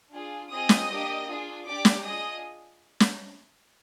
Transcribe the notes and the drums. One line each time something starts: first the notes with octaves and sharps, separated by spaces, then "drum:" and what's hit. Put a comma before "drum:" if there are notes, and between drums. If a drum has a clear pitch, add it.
D4 F4 G#4
C4 F4 G#4 D#5 D#6
drum: snare
A#3 D4 G4
D4 F4 G#4
D4 G4 D5 D6
drum: snare
D4 F4 G#4 D#5 D#6
drum: snare